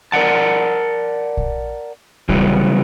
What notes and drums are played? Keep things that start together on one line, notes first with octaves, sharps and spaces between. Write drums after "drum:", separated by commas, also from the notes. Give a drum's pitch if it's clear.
A#4 D5 E5 F#5 A5
drum: kick A#1
C#3 E3 F#3 G3, drum: kick A#1